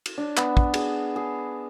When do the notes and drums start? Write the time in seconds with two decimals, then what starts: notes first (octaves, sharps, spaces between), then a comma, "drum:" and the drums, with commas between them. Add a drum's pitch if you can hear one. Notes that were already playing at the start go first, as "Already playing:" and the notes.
0.06 drum: cymbal
0.18 D4
0.37 B3, drum: clap
0.57 drum: kick
0.74 G#4, drum: cymbal
1.16 G#4